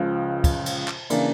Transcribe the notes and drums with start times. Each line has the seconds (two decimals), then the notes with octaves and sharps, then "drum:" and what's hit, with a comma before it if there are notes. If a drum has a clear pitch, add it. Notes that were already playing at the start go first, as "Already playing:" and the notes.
Already playing: C#2 C#3 F3
0.44 drum: kick, cymbal
0.66 drum: cymbal
0.88 drum: clap
1.10 C#3 E3 A#3 D4, drum: cymbal